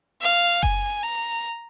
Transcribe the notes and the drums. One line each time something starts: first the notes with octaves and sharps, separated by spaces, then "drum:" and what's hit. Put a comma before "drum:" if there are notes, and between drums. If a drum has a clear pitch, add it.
F5
G#5, drum: kick F#1
A#5